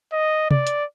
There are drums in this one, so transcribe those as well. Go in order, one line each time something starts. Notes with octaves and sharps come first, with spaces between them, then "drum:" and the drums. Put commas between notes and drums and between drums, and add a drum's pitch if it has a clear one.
D#5
D5, drum: tom C3
drum: hi-hat